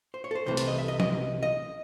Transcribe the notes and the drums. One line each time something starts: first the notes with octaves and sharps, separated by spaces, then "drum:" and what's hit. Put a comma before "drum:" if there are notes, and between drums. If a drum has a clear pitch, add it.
C5
C#5
A4
C5
C2 C3 E3 A3 C5
A4, drum: hi-hat
D#5
E5
D#5
D#5, drum: tom F3
D#5